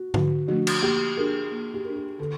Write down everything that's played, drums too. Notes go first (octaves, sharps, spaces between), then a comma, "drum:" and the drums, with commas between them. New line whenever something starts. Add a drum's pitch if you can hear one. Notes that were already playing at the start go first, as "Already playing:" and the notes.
Already playing: F#4
D3 F#4, drum: tom G#2
F3 A3 D4 F#4
drum: cymbal
A#3 G4
D4 F#4 G#4 A#4
A#3
G4
D4 F#4 A#4
G4
D3 A4